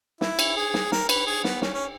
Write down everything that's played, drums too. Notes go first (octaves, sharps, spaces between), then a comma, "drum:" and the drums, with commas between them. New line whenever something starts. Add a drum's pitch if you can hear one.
E4, drum: snare
drum: cymbal
G#4
drum: snare
A#4, drum: snare
B4, drum: cymbal
G#4
B3, drum: snare
C#4, drum: snare
C#4